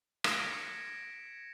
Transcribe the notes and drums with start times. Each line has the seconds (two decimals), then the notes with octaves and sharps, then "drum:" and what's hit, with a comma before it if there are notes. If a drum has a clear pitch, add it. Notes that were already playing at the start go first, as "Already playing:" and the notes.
0.24 G#6 A#6 B6 C#7 D7 E7, drum: rim click